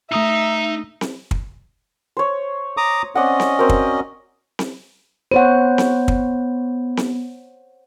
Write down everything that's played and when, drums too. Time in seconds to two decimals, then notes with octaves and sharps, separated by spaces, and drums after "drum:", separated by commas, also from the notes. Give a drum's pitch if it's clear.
0.12 A3 D#4 E5 A#5 D#6 E6
1.01 drum: snare C4
1.31 drum: kick
2.17 C5 C#5
2.77 A#5 D6 D#6
3.15 C4 C#4 D5 D#5 F#5
3.40 drum: snare C4
3.59 C4 F#4 A#4
3.69 drum: kick
4.59 drum: snare C4
5.32 B3 C5 C#5 F#5
5.78 drum: snare C4
6.08 drum: kick
6.97 drum: snare C4